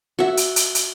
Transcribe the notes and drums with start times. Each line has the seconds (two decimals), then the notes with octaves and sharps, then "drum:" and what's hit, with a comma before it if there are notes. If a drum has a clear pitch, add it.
0.19 F#4 E5
0.37 drum: hi-hat
0.56 drum: hi-hat
0.75 drum: hi-hat